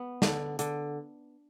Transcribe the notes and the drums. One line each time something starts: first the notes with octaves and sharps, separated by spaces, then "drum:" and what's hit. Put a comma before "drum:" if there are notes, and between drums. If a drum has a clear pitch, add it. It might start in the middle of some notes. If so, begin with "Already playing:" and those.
Already playing: B3
D3, drum: snare
D3, drum: hi-hat